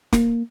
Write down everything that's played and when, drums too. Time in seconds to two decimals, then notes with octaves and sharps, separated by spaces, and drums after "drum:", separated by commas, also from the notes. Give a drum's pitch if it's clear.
0.13 A#3, drum: snare